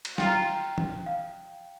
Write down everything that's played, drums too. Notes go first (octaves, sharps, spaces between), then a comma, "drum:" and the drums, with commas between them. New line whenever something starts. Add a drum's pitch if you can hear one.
drum: cymbal
F4 G5, drum: snare
A#5
G5
drum: tom
F5